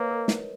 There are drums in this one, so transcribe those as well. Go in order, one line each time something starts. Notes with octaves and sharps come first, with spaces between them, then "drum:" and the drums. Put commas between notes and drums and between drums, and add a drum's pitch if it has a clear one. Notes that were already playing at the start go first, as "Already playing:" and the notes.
Already playing: A#3 B4 C#5 D#5
A#4
drum: snare